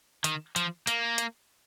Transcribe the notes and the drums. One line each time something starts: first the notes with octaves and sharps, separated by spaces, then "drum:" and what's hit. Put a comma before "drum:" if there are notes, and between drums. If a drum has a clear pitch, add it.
D#3, drum: hi-hat
F3, drum: hi-hat
A#3, drum: hi-hat
drum: hi-hat